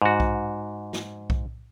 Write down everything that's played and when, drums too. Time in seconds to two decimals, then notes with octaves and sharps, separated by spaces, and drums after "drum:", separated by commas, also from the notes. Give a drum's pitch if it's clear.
0.02 G#2 F#4
0.20 drum: kick B1
0.93 drum: snare
1.30 drum: kick B1